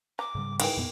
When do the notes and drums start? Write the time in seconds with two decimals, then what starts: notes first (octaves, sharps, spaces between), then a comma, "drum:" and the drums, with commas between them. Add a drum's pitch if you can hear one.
0.19 A#5 D6
0.35 G#2 C#3 G3
0.60 D#3 E3 G#4 G5, drum: cymbal
0.77 F2 A#2 B3